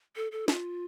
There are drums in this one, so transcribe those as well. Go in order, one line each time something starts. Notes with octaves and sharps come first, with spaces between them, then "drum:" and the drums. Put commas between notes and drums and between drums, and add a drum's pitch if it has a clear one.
A4
A4
F4, drum: snare